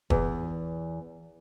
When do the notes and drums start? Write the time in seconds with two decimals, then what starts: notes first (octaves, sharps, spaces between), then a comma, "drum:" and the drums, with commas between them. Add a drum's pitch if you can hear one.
0.10 E2, drum: kick